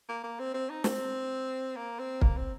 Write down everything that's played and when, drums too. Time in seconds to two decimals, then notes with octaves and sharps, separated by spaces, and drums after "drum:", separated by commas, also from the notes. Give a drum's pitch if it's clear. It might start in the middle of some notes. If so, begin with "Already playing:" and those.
0.09 A#3
0.23 A#3
0.39 C4
0.54 C4
0.69 D#4
0.84 C4, drum: snare
1.76 A#3
1.99 C4
2.21 A#3, drum: kick
2.37 C4